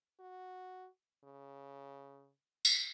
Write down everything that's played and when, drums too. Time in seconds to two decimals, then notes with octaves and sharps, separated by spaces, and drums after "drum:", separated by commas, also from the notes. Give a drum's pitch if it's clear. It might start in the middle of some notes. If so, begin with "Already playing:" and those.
0.20 F#4
1.24 C#3
2.65 drum: tambourine